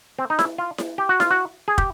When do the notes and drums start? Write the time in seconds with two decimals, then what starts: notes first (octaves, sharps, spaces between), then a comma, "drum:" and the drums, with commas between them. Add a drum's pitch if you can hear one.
0.19 C4
0.30 D#4
0.39 E4, drum: snare E4
0.58 F4
0.78 drum: snare E4
0.98 G4
1.09 F#4
1.20 F4, drum: snare E4
1.31 F#4
1.68 G#4
1.78 G4, drum: kick